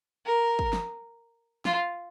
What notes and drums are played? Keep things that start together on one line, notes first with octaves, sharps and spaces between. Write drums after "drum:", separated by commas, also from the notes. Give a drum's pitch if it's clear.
A#4
drum: kick
drum: snare
F4, drum: snare